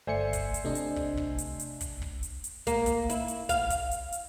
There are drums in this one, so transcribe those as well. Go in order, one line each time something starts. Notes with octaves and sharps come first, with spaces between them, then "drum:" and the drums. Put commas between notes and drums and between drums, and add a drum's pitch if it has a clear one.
G1 A3 C5 D5 E5 G#5 C#7
drum: kick, hi-hat
drum: hi-hat
C3 A3 D4 D#5
drum: hi-hat
drum: kick
drum: kick
drum: hi-hat
drum: hi-hat
drum: kick, hi-hat
drum: kick
drum: hi-hat
drum: hi-hat
A#3, drum: kick, hi-hat
drum: kick, hi-hat
E4, drum: hi-hat
drum: hi-hat
F5, drum: kick, hi-hat
drum: kick, hi-hat
drum: hi-hat
drum: hi-hat